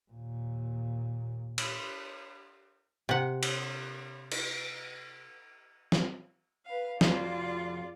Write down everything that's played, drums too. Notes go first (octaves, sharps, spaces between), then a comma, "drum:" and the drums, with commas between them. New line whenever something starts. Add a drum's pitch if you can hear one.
D#2 A#2
drum: cymbal
C3 F#5
drum: cymbal
drum: cymbal
drum: snare
B4 F5
F2 F4 F#4 G#4 D5, drum: snare